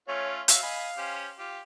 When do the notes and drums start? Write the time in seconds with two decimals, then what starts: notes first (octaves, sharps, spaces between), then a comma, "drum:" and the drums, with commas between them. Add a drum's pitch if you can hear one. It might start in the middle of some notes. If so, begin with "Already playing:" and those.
0.08 A3 C#4 F4 C#5
0.48 F#4 C#5 E5 F5, drum: hi-hat
0.63 D#5 G#5 B5
0.98 C#4 G4 C5
1.39 F4 G4